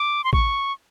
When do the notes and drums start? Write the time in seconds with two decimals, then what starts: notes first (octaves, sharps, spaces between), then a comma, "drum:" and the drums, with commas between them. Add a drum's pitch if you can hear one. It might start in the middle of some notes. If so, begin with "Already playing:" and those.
Already playing: D6
0.24 C6
0.33 C#6, drum: kick